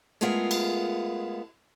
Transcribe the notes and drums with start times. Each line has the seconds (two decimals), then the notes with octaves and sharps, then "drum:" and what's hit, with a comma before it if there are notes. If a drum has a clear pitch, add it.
0.21 G#3 A3 B3 F4 G#4 A#4
0.51 drum: cymbal